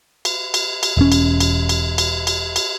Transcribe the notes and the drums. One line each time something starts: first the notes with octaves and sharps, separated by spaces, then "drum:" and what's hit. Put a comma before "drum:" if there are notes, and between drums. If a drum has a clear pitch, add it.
drum: cymbal
drum: cymbal
drum: cymbal
E1 C#4
drum: cymbal
drum: cymbal
drum: cymbal
drum: cymbal
drum: cymbal
drum: cymbal